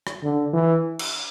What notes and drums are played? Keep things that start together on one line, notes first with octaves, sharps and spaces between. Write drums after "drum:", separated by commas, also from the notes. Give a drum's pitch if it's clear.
drum: rim click
D3
E3
drum: cymbal